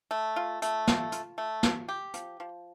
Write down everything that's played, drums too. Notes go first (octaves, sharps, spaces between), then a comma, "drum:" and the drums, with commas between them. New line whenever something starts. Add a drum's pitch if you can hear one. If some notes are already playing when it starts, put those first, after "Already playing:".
A3
F4
A3, drum: hi-hat
F4, drum: snare
F4, drum: hi-hat
A3
F4, drum: snare
G4
F3, drum: hi-hat
F3